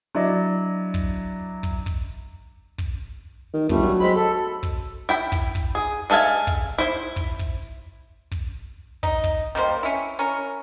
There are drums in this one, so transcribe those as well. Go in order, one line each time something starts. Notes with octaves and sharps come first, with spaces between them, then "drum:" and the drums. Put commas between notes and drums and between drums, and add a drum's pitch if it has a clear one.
F#3 D4 E4 D5 D#5
drum: hi-hat
drum: kick
drum: kick, hi-hat
drum: kick
drum: hi-hat
drum: kick
D#3
G1 G3 A3, drum: kick
F#3
G#3 C4 B5
A4
drum: kick
E4 G5 B5
drum: kick, hi-hat
drum: kick
G#4
G#3 A4 E5 F5 G#5
drum: kick
E4 C5
drum: kick, hi-hat
drum: kick
drum: hi-hat
drum: kick
D#4, drum: kick, hi-hat
drum: kick
D#3 G3 A#3 C5
C#4 E4
C#4 A#4